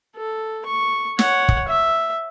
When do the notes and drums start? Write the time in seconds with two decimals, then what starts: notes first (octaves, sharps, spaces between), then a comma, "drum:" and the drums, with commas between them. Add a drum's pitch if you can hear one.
0.16 A4
0.66 C#6
1.19 C#5 F#5, drum: snare
1.49 drum: kick
1.68 E5